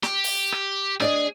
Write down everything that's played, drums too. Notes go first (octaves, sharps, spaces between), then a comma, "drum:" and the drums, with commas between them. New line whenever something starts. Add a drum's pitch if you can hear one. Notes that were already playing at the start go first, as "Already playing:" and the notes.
G4, drum: snare
drum: open hi-hat
drum: rim click
D4 G#4 D5 D#5, drum: rim click